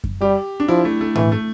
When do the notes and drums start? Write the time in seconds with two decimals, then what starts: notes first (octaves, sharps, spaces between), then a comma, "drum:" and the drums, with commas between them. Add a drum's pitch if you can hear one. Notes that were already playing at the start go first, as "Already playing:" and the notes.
0.04 drum: kick F#2
0.21 G3 G4
0.60 D4
0.68 F3 E4
0.85 A3
1.01 A3
1.15 E3 A3, drum: tom A2
1.32 A3